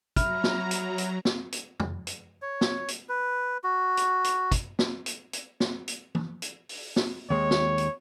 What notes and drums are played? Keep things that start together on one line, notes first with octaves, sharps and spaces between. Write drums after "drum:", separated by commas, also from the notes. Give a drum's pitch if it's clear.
F#3 E5 A#5 B5 F6, drum: kick, hi-hat
drum: snare
drum: hi-hat
drum: hi-hat
drum: snare
drum: hi-hat
drum: tom
drum: hi-hat
C#5
drum: snare
drum: hi-hat
B4
F#4
drum: hi-hat
drum: hi-hat
drum: kick, hi-hat
drum: snare
drum: hi-hat
drum: hi-hat
drum: snare
drum: hi-hat
drum: tom E3
drum: hi-hat
drum: open hi-hat
drum: snare
D#2 G#3 C#5
drum: snare
drum: hi-hat